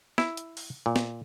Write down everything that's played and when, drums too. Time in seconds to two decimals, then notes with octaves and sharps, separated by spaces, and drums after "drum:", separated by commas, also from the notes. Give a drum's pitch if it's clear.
0.18 E4, drum: snare
0.37 drum: hi-hat
0.57 drum: open hi-hat
0.86 A#2
0.96 drum: snare